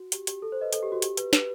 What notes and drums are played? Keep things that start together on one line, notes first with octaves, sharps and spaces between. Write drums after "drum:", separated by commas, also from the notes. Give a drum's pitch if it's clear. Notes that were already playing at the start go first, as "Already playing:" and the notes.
Already playing: F#4
G4, drum: hi-hat
G4, drum: hi-hat
A4
C5
B4 D#5
A4, drum: hi-hat
G4
F#4
G4, drum: hi-hat
B4, drum: hi-hat
B4, drum: snare